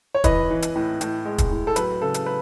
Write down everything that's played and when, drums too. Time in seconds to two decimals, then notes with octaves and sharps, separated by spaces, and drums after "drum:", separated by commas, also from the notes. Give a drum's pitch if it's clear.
0.15 C#5
0.24 E3 B4 D#5, drum: kick, hi-hat
0.50 E3
0.62 drum: hi-hat
0.75 A2
1.01 A2, drum: hi-hat
1.25 G#3
1.38 drum: kick, hi-hat
1.51 A2
1.67 A4
1.76 F#3 B4, drum: hi-hat
2.02 C#3 A4
2.14 drum: hi-hat
2.26 B4